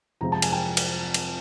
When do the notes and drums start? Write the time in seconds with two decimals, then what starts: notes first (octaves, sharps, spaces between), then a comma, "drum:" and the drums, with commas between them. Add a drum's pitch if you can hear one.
0.21 F2 C3 F3 G#3 C4 A#5
0.32 A5
0.42 G#5, drum: cymbal
0.52 G5 A5
0.77 drum: cymbal
1.14 drum: cymbal